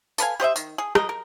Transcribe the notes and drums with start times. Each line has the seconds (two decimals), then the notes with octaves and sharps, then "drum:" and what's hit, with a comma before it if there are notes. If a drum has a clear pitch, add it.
0.18 A4 B4 F5 G#5, drum: tambourine
0.40 G4 C5 D#5 E5
0.56 D#3, drum: tambourine
0.78 G#4
0.95 A#4 D#5, drum: rim click
1.09 A#4